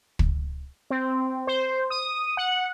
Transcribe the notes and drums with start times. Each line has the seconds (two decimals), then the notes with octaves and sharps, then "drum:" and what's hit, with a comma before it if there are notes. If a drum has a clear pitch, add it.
0.19 drum: kick
0.90 C4
1.47 C5
1.90 D#6
2.37 F#5